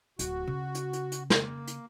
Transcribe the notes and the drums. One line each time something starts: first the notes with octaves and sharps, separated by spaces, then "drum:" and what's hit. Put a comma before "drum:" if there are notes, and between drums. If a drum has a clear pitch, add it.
D1 F#4, drum: hi-hat
C#3
drum: hi-hat
drum: hi-hat
drum: hi-hat
drum: snare
A#3
drum: hi-hat